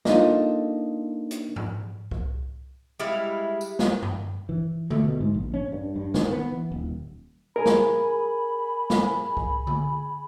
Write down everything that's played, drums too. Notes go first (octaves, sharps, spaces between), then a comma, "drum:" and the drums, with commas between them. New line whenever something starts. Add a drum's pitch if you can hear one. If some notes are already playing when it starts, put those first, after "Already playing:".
A#3 D4 D#4 F4 A4 D#5, drum: snare
drum: hi-hat
drum: tom G#2
drum: kick C2
G3 G#3 E4 F5
drum: tambourine
drum: snare
drum: tom F#2
E3
A3, drum: tom D3
B2
G#2
A#1
C#4
G2
G2
D#3, drum: snare
B3
E3
D#1
G#4 A#4 G#5 B5
drum: snare
drum: snare
drum: kick C2
drum: tom D3